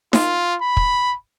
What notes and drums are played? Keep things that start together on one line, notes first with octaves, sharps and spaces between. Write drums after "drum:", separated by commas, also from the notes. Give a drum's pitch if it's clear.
F4, drum: snare D#4
B5
drum: kick